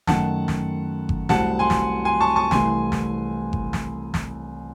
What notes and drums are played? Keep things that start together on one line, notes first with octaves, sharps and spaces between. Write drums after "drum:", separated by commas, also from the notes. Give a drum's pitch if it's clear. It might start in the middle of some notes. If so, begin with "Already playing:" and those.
F#2 D#3 A3 F#5 A5, drum: snare
drum: snare
drum: kick G1
C2 C3 F#3 A3 C4 F#5 A5, drum: snare
G#5 C6
drum: snare
G#5 C6
A5 C#6
A5 C#6
C2 C3 E3 A3 G#5 C6, drum: snare
drum: snare
drum: kick G1
drum: snare
drum: snare